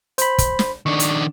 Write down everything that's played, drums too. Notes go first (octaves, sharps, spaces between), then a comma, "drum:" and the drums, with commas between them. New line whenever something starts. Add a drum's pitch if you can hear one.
C5 B5, drum: hi-hat
drum: kick, hi-hat
drum: snare
D#3 D4 C#6
drum: hi-hat